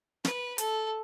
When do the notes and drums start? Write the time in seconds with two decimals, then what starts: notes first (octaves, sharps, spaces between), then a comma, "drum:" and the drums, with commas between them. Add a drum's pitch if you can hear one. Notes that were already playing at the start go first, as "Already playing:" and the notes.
0.25 B4, drum: snare
0.58 A4, drum: hi-hat